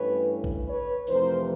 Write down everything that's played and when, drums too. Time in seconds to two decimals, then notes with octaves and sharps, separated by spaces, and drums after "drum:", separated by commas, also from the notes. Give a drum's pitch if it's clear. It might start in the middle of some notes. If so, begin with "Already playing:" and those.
Already playing: G2 E3 A3 C#4 B4 C#5
0.44 drum: kick A#1
0.67 B4 C#5
1.07 F2 C3 E3 A3 A#4 C5, drum: open hi-hat